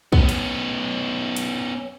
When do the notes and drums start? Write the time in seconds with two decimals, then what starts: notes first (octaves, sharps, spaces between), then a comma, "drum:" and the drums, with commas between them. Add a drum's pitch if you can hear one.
0.13 B3 C#4, drum: kick
0.29 drum: hi-hat
1.36 drum: hi-hat